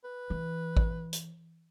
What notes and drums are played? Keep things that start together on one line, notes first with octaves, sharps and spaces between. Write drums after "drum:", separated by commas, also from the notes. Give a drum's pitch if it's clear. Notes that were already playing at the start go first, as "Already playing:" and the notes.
B4
E3
drum: kick A1
drum: hi-hat